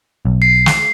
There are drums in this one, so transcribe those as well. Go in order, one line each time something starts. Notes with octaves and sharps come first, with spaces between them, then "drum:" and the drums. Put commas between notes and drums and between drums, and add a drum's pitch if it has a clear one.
B1
C7
drum: snare